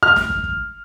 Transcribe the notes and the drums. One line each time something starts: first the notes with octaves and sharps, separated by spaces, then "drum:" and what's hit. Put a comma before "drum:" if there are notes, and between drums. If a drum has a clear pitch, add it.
F6
drum: snare
drum: kick
drum: kick